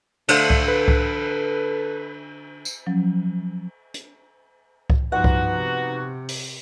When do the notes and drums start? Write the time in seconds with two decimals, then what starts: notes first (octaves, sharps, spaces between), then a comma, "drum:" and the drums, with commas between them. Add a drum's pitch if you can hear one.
0.28 D3 A3 D4 C5 F5, drum: cymbal
0.50 drum: kick C2
0.68 A4 B4
0.88 drum: kick C2
2.65 drum: tambourine
2.87 F3 F#3 C#4
3.94 drum: hi-hat
4.90 drum: kick C2
5.12 G2 F3 B3 D#4 F#4 F#5
5.24 drum: kick C2
5.56 C3
6.28 drum: open hi-hat